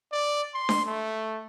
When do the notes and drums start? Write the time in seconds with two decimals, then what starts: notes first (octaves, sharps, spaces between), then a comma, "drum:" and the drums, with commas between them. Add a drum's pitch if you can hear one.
0.12 D5
0.54 C6
0.69 drum: snare D4
0.86 A3